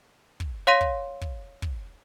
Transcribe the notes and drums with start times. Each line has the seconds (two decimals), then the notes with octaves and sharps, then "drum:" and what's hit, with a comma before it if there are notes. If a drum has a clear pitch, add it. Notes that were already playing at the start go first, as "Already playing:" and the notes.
0.40 drum: kick
0.67 C#5 F5 C6 A#6 D#7
0.81 drum: kick
1.21 drum: kick
1.62 drum: kick